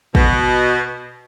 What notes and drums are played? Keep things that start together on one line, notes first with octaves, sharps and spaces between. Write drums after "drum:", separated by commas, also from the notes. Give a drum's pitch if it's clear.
B2, drum: kick